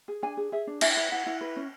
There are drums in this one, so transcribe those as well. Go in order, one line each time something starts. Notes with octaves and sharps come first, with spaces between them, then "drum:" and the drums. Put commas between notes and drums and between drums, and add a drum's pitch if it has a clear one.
G#4
D4 G#5
G#4
G#4 E5
D4
E4 E5, drum: cymbal
B4
E4 F#5
E4
B4
C#4